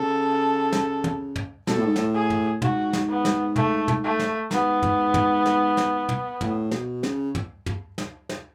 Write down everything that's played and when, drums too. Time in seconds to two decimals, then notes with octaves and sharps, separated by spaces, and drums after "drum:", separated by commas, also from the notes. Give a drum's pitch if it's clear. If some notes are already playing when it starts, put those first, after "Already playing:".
Already playing: C#3 A4
0.72 drum: snare
1.04 drum: tom
1.36 drum: tom
1.67 B2 A4, drum: snare
1.77 A2
1.86 G#2
1.96 A2, drum: snare
2.14 G#4
2.30 drum: tom
2.62 G#2 F#4, drum: tom
2.93 drum: snare
3.08 B3
3.25 drum: snare
3.56 A3, drum: tom
3.88 drum: tom
4.04 A3
4.19 drum: snare
4.51 G#2 B3, drum: snare
4.82 drum: tom
5.14 drum: tom
5.46 drum: snare
5.77 drum: snare
6.09 drum: tom
6.41 A2, drum: tom
6.71 B2, drum: snare
7.03 C#3, drum: snare
7.35 drum: tom
7.66 drum: tom
7.98 drum: snare
8.29 drum: snare